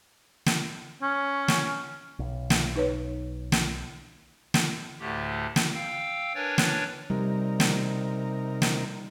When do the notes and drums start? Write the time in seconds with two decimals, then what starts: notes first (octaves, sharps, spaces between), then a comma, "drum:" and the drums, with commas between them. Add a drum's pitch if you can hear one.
0.46 drum: snare
1.02 C#4
1.48 drum: snare
2.19 B1
2.50 drum: snare
2.76 D#4 B4 C#5
3.52 drum: snare
4.54 drum: snare
4.99 D2 A2 D3 A3 G4
5.56 drum: snare
5.74 F5 G5 E6
6.35 D4 A#4 B4 C#5 G#5 A6
6.58 drum: snare
7.10 C3 G3 D#4 A#4
7.60 drum: snare
8.62 drum: snare